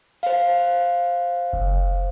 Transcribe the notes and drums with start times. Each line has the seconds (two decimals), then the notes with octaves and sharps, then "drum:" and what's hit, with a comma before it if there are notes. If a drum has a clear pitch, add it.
0.23 C5 F5, drum: cymbal
1.53 drum: kick F#1